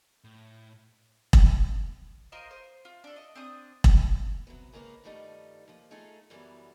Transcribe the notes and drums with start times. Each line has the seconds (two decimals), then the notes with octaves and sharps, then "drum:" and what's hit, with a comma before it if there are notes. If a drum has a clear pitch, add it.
0.24 A2
1.33 drum: kick E1
2.32 F4 A#4 C5 D#5
2.51 C5
2.85 F4
3.04 D4 A4
3.16 D#5
3.36 C4 D4 D#6
3.84 drum: kick E1
4.47 C3 F#3 B3
4.73 G#2 C#3 A#3 F4 A#4 B4
5.04 G2 D#3 F3 G3 A3 D#4
5.68 D#2 F3
5.91 A3 D#4 F4 G#4 A4
6.30 F#2 E3 F#3 G3 B3